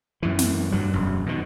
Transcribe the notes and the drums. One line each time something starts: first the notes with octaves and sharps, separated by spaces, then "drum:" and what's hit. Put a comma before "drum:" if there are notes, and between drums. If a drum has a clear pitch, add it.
F#2 E3
drum: snare
G2 F#3
E1 F#2
B2 D#3